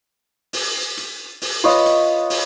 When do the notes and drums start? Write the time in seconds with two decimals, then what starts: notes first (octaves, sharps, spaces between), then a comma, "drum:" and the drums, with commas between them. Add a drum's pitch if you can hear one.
0.53 drum: open hi-hat
0.97 drum: hi-hat
1.42 drum: open hi-hat
1.64 F4 B4 C#5 D#5
1.86 drum: hi-hat
2.30 drum: open hi-hat